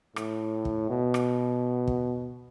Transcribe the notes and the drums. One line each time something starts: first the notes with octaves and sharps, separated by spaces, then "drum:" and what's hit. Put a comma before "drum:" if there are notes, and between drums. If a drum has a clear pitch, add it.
A2, drum: rim click
drum: kick
B2
drum: rim click
drum: kick